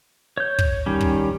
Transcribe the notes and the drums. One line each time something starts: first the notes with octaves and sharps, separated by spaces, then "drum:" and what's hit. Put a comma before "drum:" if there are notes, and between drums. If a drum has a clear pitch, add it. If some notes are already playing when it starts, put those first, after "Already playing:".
C#5 G6
drum: kick
D#3 G3 C#4
drum: kick